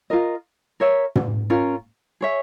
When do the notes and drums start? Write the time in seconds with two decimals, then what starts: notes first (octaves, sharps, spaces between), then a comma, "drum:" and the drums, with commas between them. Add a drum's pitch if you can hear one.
0.10 F4 A#4 D#5
0.80 A#4 C#5 E5
1.16 drum: tom
1.50 C#4 F4 A#4
2.21 G#4 C#5 E5